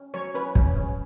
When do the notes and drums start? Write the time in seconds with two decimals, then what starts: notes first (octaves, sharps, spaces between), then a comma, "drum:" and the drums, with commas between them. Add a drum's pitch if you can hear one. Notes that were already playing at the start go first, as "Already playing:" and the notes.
Already playing: C#4
0.14 F#3 C#5
0.35 C#4 B4
0.55 C#4, drum: kick
0.76 C#4